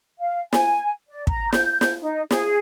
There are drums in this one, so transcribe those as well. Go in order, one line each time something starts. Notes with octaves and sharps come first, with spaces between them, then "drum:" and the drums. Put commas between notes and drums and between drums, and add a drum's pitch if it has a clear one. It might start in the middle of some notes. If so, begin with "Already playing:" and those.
F5
G#5, drum: snare
D5
A#5, drum: kick
G6, drum: snare
drum: snare
D#4
G#4, drum: snare